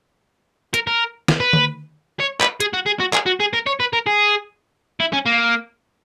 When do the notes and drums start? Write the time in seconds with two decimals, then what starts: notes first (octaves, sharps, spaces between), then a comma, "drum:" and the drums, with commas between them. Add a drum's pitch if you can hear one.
0.74 A#4, drum: hi-hat
0.87 A#4
1.28 drum: snare
1.40 B4
1.53 drum: tom D3
2.20 C#5
2.41 B4, drum: clap
2.60 G#4, drum: hi-hat
2.74 F#4
2.86 G#4
3.00 F#4
3.13 G#4, drum: clap
3.26 F#4
3.40 G#4
3.54 A#4
3.67 C#5
3.80 B4
3.93 A#4
4.07 G#4
5.00 E4
5.13 C#4
5.26 A#3